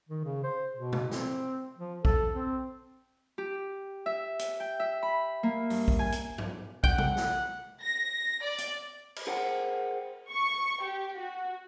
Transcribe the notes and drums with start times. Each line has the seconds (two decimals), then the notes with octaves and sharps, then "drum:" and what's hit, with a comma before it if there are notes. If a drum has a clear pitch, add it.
0.09 D#3
0.25 C#3
0.44 C5
0.75 B2
0.93 drum: tom C3
1.11 C4, drum: snare
1.78 F3
2.05 A4, drum: kick
2.33 C4
3.38 G4
4.06 E5
4.39 drum: hi-hat
4.60 G5
4.80 E5
5.03 B5
5.43 A#3
5.70 G2, drum: open hi-hat
5.88 drum: kick
5.99 G#5
6.12 drum: hi-hat
6.38 drum: tom
6.84 F#5 G5, drum: kick
6.98 drum: tom
7.17 drum: snare
7.83 A#6
8.43 D5
8.58 drum: hi-hat
9.16 drum: cymbal
9.27 G#4 A#4 C5 F#5 G5 A5
10.32 C#6
10.82 G4
11.18 F#4